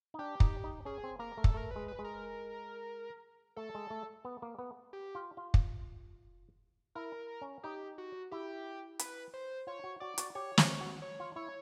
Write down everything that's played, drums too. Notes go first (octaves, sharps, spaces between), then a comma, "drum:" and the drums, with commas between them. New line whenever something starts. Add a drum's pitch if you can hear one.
D#4
D4 G4
D#4, drum: kick
D#4
C#4 G#4
C4
A#3 A#4
A3
A4, drum: kick
A3 A#4
G#3 B4
B4
G#3
A#4
A3 A4
G#3
A3
B3
A#3
B3
G4
F4
F4
drum: kick
E4 A#4
C#4
D#4 G4
F#4
E4 G4
B4, drum: hi-hat
C5
F4 C#5
F#4
F#4 D5
F#4, drum: hi-hat
G4 C#5
drum: snare
F#4
C#5
F4
E4 C#5